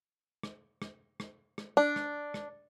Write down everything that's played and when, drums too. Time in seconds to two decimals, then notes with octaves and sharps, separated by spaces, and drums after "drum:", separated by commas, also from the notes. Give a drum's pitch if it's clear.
0.43 drum: rim click
0.82 drum: rim click
1.20 drum: rim click
1.58 drum: rim click
1.77 D4
1.96 drum: rim click
2.34 drum: rim click